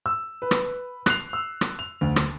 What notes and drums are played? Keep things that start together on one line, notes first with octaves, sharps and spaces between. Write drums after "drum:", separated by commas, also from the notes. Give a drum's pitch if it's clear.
E6
B4
drum: rim click
F#6 C7 F7, drum: rim click
E6
drum: rim click
F7
D2
drum: rim click